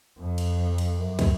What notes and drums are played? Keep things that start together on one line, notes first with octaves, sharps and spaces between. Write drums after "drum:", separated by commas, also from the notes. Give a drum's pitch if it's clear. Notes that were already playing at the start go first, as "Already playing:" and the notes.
F2
drum: cymbal
drum: cymbal
F#2
drum: kick, cymbal